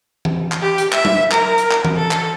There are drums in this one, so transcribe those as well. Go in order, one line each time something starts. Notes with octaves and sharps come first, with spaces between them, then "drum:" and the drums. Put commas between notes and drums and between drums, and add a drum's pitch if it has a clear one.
drum: tom E3
drum: clap
G4
drum: hi-hat
E5, drum: clap
drum: tom F#3
A#4, drum: clap
drum: hi-hat
drum: clap
drum: tom E3
A4
drum: clap